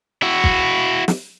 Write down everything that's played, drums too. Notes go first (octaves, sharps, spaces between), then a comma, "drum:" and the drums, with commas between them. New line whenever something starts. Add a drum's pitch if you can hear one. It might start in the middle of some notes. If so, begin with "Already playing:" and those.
E4 F#4
drum: kick
drum: snare